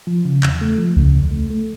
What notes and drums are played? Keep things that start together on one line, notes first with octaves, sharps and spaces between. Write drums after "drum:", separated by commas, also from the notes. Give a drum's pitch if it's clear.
F3
C#3
E2, drum: clap
A3
F3
C#3, drum: kick C#2
E2
A3
A3